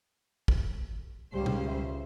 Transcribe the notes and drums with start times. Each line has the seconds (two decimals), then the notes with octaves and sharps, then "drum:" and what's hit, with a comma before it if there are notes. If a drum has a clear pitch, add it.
0.48 drum: kick
1.33 C#2 G3 C#4 C5
1.46 drum: tom B2
1.66 E5